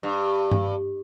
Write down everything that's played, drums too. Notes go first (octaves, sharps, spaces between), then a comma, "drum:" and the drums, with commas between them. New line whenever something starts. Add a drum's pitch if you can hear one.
G2
drum: tom G2